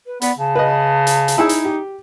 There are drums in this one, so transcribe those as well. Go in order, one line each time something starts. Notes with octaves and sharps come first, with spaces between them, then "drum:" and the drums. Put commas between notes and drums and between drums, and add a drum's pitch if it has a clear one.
B4
B3 D5, drum: hi-hat
C#3 A5
B4 D#5
drum: hi-hat
drum: hi-hat
D#4 E4 G#4 E6
drum: hi-hat
G4